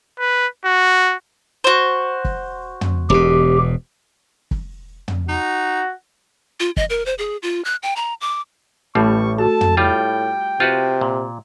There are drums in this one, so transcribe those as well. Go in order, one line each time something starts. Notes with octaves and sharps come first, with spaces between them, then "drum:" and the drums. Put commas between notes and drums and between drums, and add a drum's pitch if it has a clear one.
B4
F#4
F#4 C5
drum: kick
drum: tom
E1 B2 G4
drum: kick
drum: tom
D#4 F#4
F4
D#5, drum: kick
A#4
C5
G#4
F4
F#6
G5
A#5
D6
A1 A2 G3 A3 C#6
F#4 A4 A5
drum: tom
A2 G3 F4 G5
C3 F4 F#4 B4 G6
A#2